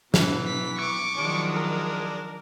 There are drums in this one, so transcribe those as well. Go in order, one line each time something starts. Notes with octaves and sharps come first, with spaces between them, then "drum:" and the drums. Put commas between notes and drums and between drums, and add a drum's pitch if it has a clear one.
B2 E3 F#3, drum: snare
B6
C#6 D6
D#3 F3 F#3 G#3 D4
A#4